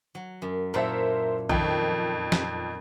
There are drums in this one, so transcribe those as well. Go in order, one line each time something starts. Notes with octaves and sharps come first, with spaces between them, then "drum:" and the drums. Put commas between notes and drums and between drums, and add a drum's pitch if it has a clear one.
F#3
F#2
A#2 E4 A4 A#4 C5 E5
F2 D#3 G5, drum: kick
drum: snare